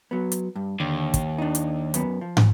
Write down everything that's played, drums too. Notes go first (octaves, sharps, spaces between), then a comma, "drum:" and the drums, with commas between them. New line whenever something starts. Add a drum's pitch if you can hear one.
F#3 B3
drum: hi-hat
G2
D#2 D3
drum: kick, hi-hat
D4 D#4
drum: hi-hat
F#2 B3, drum: hi-hat
F3
drum: tom